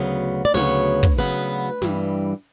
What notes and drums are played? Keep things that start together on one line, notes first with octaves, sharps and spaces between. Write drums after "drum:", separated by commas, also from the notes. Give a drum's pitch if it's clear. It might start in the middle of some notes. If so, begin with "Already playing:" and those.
Already playing: D2 C#3 F#3 B3
D5
D2 C#3 F#3 B3 C#5, drum: snare
drum: kick
D2 C#3 F#3 B3 B4
G2 E3 G3, drum: snare